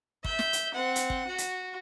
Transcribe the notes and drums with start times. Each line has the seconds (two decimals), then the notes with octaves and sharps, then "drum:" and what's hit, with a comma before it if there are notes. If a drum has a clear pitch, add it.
0.24 E5 G6, drum: kick
0.39 drum: snare
0.53 drum: hi-hat
0.74 C4 F#5
0.96 drum: hi-hat
1.10 drum: kick
1.27 F#4
1.38 drum: hi-hat